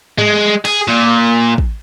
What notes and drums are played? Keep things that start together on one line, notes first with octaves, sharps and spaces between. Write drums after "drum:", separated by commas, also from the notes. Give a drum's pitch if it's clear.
G#3, drum: tom G#2
G#4, drum: cymbal
A#2
drum: kick